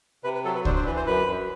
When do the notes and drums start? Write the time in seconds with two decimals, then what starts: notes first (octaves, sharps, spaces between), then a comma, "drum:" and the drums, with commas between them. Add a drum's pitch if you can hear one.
0.24 C3 B4
0.34 B4
0.44 F#3 A4
0.55 B4
0.65 D4 C5, drum: kick C#2
0.76 C5
0.85 E3 B4
0.96 C5
1.06 F#2 B4
1.27 F#2